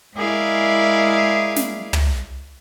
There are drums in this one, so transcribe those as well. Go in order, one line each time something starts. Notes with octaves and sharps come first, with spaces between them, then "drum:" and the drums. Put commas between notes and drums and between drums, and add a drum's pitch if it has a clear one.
G#3 E4 G#4 A#4 D5 F5
drum: snare
drum: tom